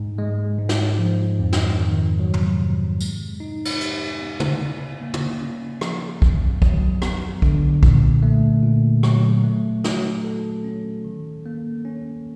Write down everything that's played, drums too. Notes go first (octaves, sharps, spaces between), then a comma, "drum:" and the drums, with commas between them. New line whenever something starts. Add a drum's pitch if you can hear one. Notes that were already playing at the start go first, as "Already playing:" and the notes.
Already playing: G#2
G#3
G#2
drum: snare
F3
F2
drum: snare
D#3
F#3
drum: tom
C3
G#3, drum: tambourine
D#4
drum: cymbal
G4, drum: hi-hat
B3
drum: tom
C#3
A#3
drum: tom
C#4
F3, drum: rim click
F#2, drum: kick B1
F#3, drum: kick B1
B3, drum: rim click
D3, drum: kick B1
A#2, drum: kick B1
A3
A#2
F#3, drum: rim click
A3
F#4, drum: snare
A4
C#4
D#3
A#3
C#4